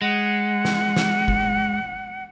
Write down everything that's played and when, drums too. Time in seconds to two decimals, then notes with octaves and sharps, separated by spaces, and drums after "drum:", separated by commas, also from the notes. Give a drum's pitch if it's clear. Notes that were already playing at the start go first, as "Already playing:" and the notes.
0.02 G#3 F#5
0.65 drum: snare
0.96 drum: snare
1.28 drum: kick F#1